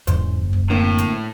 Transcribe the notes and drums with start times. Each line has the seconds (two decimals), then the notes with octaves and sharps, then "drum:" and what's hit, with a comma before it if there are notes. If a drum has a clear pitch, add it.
0.07 E2 G#2 C#3 C5, drum: kick, hi-hat
0.41 F#1
0.53 drum: kick
0.70 A2 D3 A#3 C4
0.98 drum: hi-hat